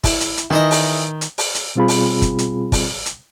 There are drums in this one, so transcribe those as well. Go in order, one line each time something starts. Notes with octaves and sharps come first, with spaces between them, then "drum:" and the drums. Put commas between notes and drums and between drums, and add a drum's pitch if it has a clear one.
E4, drum: kick, open hi-hat
drum: hi-hat
drum: hi-hat
D#3 E3 E4 D#5
drum: open hi-hat
drum: hi-hat
drum: open hi-hat
drum: hi-hat
B2 G3 C4 F4 G#4 B5
drum: open hi-hat
drum: kick, hi-hat
drum: hi-hat
drum: kick, open hi-hat
drum: hi-hat